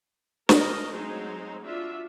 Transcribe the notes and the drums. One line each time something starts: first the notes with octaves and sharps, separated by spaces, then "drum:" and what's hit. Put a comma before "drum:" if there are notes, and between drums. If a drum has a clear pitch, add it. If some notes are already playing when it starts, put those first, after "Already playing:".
A#4 D#5, drum: snare
F#3 G#3 A3 C4 D#4 C5
D4 F4 F#4 E5